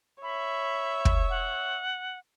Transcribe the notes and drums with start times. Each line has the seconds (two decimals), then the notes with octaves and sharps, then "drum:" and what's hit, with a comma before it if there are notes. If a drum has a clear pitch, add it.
0.23 C#5 E5 B5
1.05 drum: kick
1.30 F#5